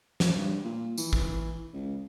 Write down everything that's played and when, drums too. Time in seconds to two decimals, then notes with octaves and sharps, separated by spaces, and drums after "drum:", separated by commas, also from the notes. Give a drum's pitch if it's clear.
0.20 F#2, drum: snare
0.35 G2
0.64 A#2
0.98 E3, drum: tambourine
1.13 drum: kick A1
1.73 C#2